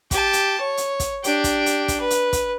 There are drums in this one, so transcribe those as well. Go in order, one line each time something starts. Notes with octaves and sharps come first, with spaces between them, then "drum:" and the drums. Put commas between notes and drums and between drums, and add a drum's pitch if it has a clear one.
G4 A5, drum: kick, hi-hat
drum: hi-hat
C#5
drum: hi-hat
drum: kick, hi-hat
D4 G4, drum: hi-hat
drum: kick, hi-hat
drum: hi-hat
drum: kick, hi-hat
B4
drum: hi-hat
drum: kick, hi-hat